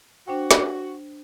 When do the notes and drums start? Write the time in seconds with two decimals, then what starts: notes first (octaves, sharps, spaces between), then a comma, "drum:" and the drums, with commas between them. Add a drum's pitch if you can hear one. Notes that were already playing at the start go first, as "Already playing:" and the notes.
0.28 D4 F#4 C5 G5
0.51 drum: snare